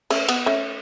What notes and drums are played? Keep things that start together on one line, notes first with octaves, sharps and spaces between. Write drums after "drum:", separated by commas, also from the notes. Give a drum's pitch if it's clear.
A3 C#4, drum: cymbal
B3, drum: cymbal
A3 C#4